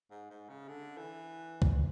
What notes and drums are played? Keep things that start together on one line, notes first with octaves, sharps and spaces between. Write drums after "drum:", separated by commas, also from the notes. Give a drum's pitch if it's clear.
G#2
G#2
C#3
D3
E3
drum: kick C#2